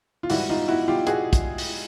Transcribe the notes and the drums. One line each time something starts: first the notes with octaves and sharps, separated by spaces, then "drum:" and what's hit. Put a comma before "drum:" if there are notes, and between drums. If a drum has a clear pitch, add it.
F4
G#2 E3 G3 E4 F#4, drum: open hi-hat
D#4 F4
E4 F#4
F4 G4
F#4 G#4, drum: hi-hat
drum: kick, hi-hat
drum: open hi-hat